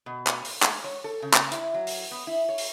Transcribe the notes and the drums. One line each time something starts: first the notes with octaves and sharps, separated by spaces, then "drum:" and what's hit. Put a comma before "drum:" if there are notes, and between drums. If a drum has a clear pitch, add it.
B2
drum: clap
drum: open hi-hat
G#3, drum: clap
C#5
A4
C#3
drum: clap
E4, drum: hi-hat
F#3
drum: open hi-hat
B3
E4
C#5
drum: open hi-hat